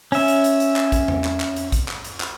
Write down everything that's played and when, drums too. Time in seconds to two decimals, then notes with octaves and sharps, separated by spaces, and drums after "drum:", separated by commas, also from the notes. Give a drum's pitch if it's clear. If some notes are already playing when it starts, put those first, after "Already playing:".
0.12 C#4 E5, drum: open hi-hat
0.28 drum: hi-hat
0.44 drum: hi-hat
0.60 drum: hi-hat
0.76 drum: clap
0.92 drum: kick A1, hi-hat
1.08 drum: tom E2
1.24 drum: clap
1.40 drum: clap
1.56 drum: hi-hat
1.72 drum: kick A1, hi-hat
1.88 drum: clap
2.04 drum: hi-hat
2.20 drum: clap